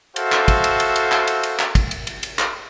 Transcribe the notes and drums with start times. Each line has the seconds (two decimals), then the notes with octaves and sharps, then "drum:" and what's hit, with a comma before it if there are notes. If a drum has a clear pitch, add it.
0.16 F#4 A4 C5 E5 F5, drum: cymbal
0.32 drum: clap
0.48 drum: kick, cymbal
0.64 drum: cymbal
0.80 drum: cymbal
0.96 drum: cymbal
1.12 drum: clap
1.27 drum: cymbal
1.43 drum: cymbal
1.59 drum: clap
1.75 drum: kick, cymbal
1.91 drum: cymbal
2.07 drum: cymbal
2.23 drum: cymbal
2.39 drum: clap